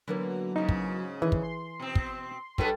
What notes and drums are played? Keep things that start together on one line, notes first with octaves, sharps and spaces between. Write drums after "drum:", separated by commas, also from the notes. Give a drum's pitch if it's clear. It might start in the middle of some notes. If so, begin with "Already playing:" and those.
D3 E3 F#3 A#3 B3
G#2 C#3 D#4
drum: kick
D#3 E3 G#4
drum: kick
C6
B2 C4
drum: kick
G2 F#3 G3 G4 A4 B4, drum: kick